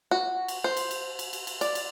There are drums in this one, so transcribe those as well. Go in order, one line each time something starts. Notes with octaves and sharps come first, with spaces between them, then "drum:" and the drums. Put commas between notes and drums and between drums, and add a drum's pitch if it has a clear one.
F#4
drum: cymbal
C5
drum: cymbal
drum: cymbal
drum: cymbal
drum: cymbal
drum: cymbal
D5, drum: cymbal
drum: cymbal